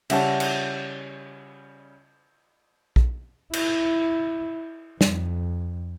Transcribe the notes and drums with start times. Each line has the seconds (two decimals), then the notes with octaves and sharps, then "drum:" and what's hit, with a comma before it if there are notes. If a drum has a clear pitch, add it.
0.10 C#3 G3 C#4 E5 F#5 A5, drum: cymbal
0.40 drum: cymbal
2.96 drum: kick A#1
3.53 E4, drum: cymbal
5.01 F2, drum: snare